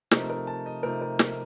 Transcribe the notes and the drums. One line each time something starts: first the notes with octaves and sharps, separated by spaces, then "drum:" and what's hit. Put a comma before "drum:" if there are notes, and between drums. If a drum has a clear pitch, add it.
C3 F3 A3 C4 D#4 A#4, drum: snare
A#4
A5
D#5
C3 F3 A3 C4 D#4 A#4
A#4
A#4, drum: snare